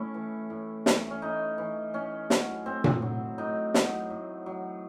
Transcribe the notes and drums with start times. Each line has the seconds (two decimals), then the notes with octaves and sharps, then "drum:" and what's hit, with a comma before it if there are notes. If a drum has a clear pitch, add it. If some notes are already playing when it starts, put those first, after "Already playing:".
Already playing: A2 A3 C#4 E4
0.14 E3
0.50 A2
0.86 E3, drum: snare
1.11 C#4
1.22 A2 D#4
1.58 E3
1.94 A2 C#4
2.30 F#3, drum: snare
2.66 A2 C4
2.84 drum: tom A#2
3.02 F#3
3.38 A2 D#4
3.74 F#3, drum: snare
4.10 A2
4.46 F#3